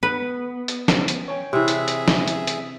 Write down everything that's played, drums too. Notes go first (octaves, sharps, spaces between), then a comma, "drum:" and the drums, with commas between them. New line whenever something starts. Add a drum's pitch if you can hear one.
B3 B4
drum: hi-hat
drum: snare
drum: hi-hat
C#5 G5 G#5
C3 E3 G#4 E5
drum: hi-hat
drum: hi-hat
drum: snare
drum: hi-hat
drum: hi-hat